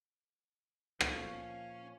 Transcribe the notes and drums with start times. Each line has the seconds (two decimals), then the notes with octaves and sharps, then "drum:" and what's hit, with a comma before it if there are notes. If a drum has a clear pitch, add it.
1.01 A#2 F3 C#4 C#5 F5, drum: rim click